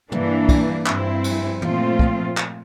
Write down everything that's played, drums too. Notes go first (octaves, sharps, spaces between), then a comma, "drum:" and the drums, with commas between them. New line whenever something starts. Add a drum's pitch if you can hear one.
G2 E3 A#3 D4, drum: tom
drum: kick, cymbal
G2 F3 C4 E4, drum: clap
drum: cymbal
A#2 F3 A3 C4 F4, drum: tom
drum: kick
drum: clap